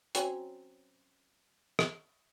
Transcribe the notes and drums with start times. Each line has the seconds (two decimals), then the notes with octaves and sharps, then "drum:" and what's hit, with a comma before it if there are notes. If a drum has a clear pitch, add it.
0.15 F#3 C4 C#4, drum: hi-hat
1.79 drum: rim click